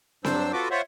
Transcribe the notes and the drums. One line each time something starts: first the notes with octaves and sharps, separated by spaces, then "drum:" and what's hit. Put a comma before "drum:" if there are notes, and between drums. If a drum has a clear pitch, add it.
G2 F#3 D4 C5 E6, drum: snare C4
F4 F#4 A4 B4 D6
F4 C5 C#5 E5 F#5